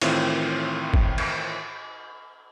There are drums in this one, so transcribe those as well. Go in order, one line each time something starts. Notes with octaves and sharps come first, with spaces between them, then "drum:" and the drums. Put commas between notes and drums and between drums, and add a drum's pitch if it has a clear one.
A2 D#3 E3 C4 F4, drum: cymbal
drum: kick
drum: cymbal